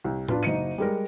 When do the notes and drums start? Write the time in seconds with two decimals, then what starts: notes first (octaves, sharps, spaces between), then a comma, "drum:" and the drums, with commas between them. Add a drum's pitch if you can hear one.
0.04 C2
0.29 D4 F4 B4, drum: tom A2
0.43 F#1 D#4 C#7 D#7
0.78 G3 G#3 A#4